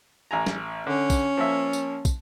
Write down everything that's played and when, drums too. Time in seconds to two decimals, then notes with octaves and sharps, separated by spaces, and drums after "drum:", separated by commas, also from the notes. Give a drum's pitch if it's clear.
0.31 A1 G#5 A#5
0.47 drum: snare
0.87 D3 C#4
1.10 drum: kick, tambourine
1.37 F3 A#3 E5
1.73 drum: tambourine
2.05 drum: kick, tambourine